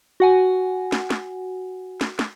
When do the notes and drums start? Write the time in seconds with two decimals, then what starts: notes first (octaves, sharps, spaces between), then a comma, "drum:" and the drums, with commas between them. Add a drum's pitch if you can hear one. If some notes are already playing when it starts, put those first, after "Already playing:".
0.20 F#4 F#5 G#5
0.92 drum: snare
1.10 drum: snare
2.01 drum: snare
2.19 drum: snare